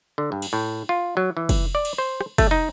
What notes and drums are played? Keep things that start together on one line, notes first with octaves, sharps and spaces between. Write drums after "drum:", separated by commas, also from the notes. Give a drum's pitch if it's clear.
D3
G2
drum: cymbal
A2
F4
F#3
E3
drum: kick, cymbal
D5
drum: cymbal
C5
drum: rim click
A3, drum: kick, cymbal
D#4